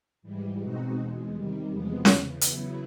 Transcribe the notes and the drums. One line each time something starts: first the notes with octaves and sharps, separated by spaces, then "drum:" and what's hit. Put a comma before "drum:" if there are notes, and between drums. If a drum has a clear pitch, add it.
G#2 E3 G3
B2 G#3 C4 D#4 F#4
E2 B2 G#3
C3 D#3 G3
E2 C3 F3 G#3 B3
E2 C#3 E3, drum: snare C#4
C#3 F#3 B3 E4, drum: hi-hat